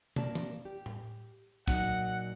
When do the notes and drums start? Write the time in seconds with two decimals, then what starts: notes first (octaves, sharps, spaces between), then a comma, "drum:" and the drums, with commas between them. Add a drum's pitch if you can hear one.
0.16 A#3 D5 A5, drum: tom
0.35 drum: tom
0.65 G4
0.86 drum: tom A2
1.68 A#2 F#3 D#4 F#5, drum: kick